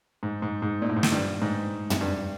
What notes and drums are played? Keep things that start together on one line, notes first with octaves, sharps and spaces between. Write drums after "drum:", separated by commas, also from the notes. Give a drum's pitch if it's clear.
G#2
G#2
G#2
A#2
A2
G#2
A2, drum: snare
G2
G#2
drum: tom
G2